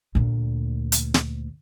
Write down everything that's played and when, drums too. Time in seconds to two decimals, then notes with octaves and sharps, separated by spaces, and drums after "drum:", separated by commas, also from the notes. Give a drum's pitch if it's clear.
0.15 D2 A#2
0.92 drum: hi-hat
1.14 drum: snare